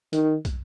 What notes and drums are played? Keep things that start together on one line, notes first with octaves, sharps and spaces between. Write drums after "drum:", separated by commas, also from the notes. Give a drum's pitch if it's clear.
D#3, drum: hi-hat
drum: kick, hi-hat